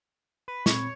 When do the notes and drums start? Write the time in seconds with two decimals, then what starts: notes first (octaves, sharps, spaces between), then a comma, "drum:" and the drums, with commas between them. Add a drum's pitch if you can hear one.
0.48 B4
0.66 A#2 C4 C#5 B5, drum: snare